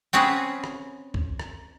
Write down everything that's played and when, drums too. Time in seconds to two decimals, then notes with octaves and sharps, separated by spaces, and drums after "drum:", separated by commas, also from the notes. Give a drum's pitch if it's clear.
0.13 C4 C#4 F#4 G#4 B4
0.64 drum: rim click
1.14 drum: kick
1.39 drum: rim click